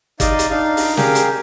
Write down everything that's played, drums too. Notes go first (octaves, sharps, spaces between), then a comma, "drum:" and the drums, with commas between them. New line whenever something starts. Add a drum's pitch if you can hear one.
D#4 D5 D#5 F5, drum: kick G1, hi-hat
drum: hi-hat
D4 D#4 F5
drum: open hi-hat
G4 G#4 A#4 F5 G5, drum: snare
drum: hi-hat